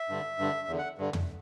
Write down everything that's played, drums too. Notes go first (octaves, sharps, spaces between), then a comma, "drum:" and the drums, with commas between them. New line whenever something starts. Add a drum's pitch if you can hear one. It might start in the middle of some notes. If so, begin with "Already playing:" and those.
Already playing: E5
G2 D3
G2 D3
E2 D3
F#5
G2 D3
drum: tom